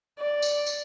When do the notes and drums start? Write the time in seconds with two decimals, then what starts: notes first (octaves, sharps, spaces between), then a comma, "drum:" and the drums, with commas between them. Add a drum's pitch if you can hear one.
0.18 D5
0.42 drum: tambourine
0.66 drum: tambourine